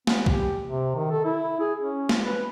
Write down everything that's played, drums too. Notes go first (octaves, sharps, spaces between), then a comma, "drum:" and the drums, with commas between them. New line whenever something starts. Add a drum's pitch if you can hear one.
B3, drum: snare
G4, drum: kick
C3
D#3
A4
E4
G#4
C#4
drum: snare
B4